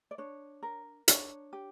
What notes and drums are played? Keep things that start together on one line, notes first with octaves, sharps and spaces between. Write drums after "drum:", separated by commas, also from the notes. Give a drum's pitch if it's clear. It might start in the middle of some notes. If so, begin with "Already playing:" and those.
D5
D4 C#5
A#4
D4 C#5, drum: hi-hat
G4